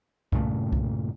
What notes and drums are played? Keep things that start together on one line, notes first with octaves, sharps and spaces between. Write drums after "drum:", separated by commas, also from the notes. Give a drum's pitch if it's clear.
G2 A#2 C#3 A3, drum: kick C2
drum: kick C2